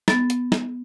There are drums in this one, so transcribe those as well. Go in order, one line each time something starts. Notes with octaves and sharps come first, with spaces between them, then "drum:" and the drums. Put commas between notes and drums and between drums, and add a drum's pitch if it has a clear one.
B3 A6, drum: snare
drum: hi-hat
drum: snare